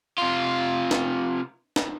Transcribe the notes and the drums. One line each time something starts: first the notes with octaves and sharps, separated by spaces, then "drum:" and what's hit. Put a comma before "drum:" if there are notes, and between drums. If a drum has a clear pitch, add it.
C3 F4
drum: snare
drum: snare